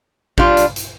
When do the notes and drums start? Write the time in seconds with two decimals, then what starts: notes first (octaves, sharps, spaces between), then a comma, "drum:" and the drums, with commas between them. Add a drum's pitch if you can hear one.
0.38 G3 D4 F4, drum: kick
0.57 drum: hi-hat
0.76 drum: hi-hat